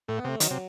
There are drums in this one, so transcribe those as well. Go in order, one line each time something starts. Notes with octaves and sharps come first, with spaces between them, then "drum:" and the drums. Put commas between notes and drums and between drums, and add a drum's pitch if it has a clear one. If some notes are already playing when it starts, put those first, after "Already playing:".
A2 A3
B3
C3
A3
D#3 F#3, drum: hi-hat
C3